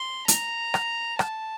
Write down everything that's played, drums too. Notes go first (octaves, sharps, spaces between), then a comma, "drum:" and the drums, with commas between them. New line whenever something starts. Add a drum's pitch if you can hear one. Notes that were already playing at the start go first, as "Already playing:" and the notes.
Already playing: C6
A#5, drum: hi-hat
drum: rim click
A5, drum: rim click